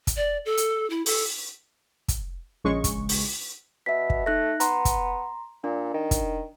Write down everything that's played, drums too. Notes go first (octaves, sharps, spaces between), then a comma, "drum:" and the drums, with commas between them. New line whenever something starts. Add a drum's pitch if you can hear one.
drum: kick, hi-hat
D5
A4
drum: hi-hat
E4
A4, drum: open hi-hat
drum: kick, hi-hat
A#1 C#3 G#3 C#6
drum: kick, hi-hat
drum: open hi-hat
B2 E5 B6
drum: kick
A3 D#4 F#6 A#6
B3 A#5 C6, drum: hi-hat
drum: kick, hi-hat
A#2 D4
D#3
drum: kick, hi-hat